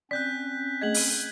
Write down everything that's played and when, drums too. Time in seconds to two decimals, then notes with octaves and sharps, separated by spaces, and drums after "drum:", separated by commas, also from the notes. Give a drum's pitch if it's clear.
0.11 C4 C#4 D5 F#6 G6 B6
0.81 A3 G#4 D#5 G#6 B6 F#7
0.94 drum: open hi-hat